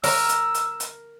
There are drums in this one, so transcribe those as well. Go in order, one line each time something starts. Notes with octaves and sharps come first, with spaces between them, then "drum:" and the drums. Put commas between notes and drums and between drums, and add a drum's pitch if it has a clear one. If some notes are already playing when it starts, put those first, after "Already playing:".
A#4 E6, drum: open hi-hat
drum: hi-hat
drum: hi-hat
drum: hi-hat